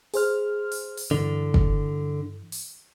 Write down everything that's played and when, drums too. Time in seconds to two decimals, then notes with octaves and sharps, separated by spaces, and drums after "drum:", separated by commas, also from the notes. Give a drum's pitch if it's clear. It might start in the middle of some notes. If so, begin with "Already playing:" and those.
0.14 G#4 C5 F6, drum: open hi-hat
0.72 drum: open hi-hat
0.97 drum: open hi-hat
1.11 G2 D3 E3
1.54 drum: kick
2.52 drum: open hi-hat